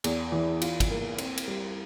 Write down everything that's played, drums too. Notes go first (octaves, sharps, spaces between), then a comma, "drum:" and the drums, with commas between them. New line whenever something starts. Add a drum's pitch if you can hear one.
E2, drum: cymbal
E3
F4, drum: cymbal
drum: kick, cymbal
A#3
C4, drum: cymbal
drum: cymbal
G3